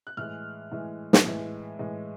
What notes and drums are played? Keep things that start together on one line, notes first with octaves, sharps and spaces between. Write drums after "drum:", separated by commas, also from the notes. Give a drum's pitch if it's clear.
F#6
A2 E3 G#3 F6
A2 E3 G#3
drum: snare
A2 E3 G#3
A2 E3 G#3